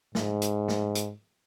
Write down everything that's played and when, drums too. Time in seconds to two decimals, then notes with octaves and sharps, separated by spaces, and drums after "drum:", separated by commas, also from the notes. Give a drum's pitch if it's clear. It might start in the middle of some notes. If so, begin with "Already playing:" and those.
0.15 G#2, drum: snare
0.42 drum: hi-hat
0.68 drum: snare
0.95 drum: hi-hat